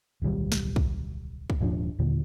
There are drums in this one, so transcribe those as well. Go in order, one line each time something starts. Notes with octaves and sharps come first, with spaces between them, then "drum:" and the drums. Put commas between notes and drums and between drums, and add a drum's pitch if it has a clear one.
D1 B1 D#3 G3
drum: snare
drum: kick
drum: kick
D#1 G#2 F3 D4
D#2 A#2 D3